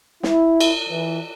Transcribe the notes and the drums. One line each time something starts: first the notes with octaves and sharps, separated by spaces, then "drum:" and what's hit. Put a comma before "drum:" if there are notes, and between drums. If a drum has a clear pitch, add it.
E4, drum: snare
drum: cymbal
E3